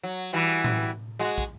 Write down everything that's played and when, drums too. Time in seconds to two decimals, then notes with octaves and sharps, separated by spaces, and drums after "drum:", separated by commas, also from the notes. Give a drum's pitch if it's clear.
0.03 F#3
0.33 E3 G3 F#4
0.46 drum: hi-hat
0.64 drum: tom A2
0.83 drum: hi-hat
1.19 G#3 F#4, drum: hi-hat
1.38 drum: kick, hi-hat